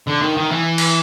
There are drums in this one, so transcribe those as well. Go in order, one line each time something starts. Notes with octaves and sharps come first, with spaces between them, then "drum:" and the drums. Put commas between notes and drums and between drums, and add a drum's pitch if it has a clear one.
D3
D#3
D#3
E3
drum: cymbal